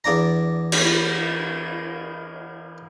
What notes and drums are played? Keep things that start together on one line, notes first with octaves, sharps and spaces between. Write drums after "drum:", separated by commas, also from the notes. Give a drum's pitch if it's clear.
E2 D4 D5 A#5
drum: cymbal